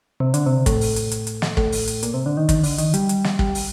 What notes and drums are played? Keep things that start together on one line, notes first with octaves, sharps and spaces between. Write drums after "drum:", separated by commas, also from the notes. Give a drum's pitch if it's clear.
C3
D3, drum: hi-hat
C3
A2, drum: kick, hi-hat
drum: open hi-hat
drum: hi-hat
drum: hi-hat
drum: hi-hat
drum: snare
A2, drum: kick
drum: open hi-hat
drum: hi-hat
A#2, drum: hi-hat
C3
D3
D#3
D#3, drum: kick, hi-hat
D3, drum: open hi-hat
D#3, drum: hi-hat
G3, drum: hi-hat
drum: hi-hat
drum: snare
G3, drum: kick
drum: open hi-hat